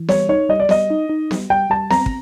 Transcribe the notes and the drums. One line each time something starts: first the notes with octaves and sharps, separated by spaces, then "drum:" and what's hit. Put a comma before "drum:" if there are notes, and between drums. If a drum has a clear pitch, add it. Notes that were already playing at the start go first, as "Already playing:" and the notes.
Already playing: E3
G3 C#5, drum: snare B3
D#4 C#5
G3 D#5
D5
G3 D#5, drum: snare B3
D#4
D#4
G3, drum: snare B3
G3 G5
G3 A5
C4 A#5, drum: snare B3
drum: kick